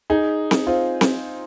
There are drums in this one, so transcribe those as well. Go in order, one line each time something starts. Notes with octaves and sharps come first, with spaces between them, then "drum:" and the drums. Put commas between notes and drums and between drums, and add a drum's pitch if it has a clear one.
D#4 G#4
drum: snare C4
C4 F4
drum: snare C4